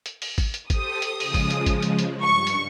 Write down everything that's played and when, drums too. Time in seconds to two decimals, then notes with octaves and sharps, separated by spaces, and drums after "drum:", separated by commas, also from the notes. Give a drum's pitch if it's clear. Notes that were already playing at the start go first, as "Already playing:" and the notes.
0.06 drum: hi-hat
0.22 drum: open hi-hat
0.38 drum: kick A1, open hi-hat
0.54 drum: hi-hat
0.70 G4 A4 C5 D#6, drum: kick A1, hi-hat
1.02 drum: hi-hat
1.20 C#3 F3 G#3, drum: open hi-hat
1.34 drum: kick A1, open hi-hat
1.50 drum: hi-hat
1.66 drum: kick A1, hi-hat
1.82 drum: hi-hat
1.99 drum: hi-hat
2.22 G2 C#6
2.47 drum: hi-hat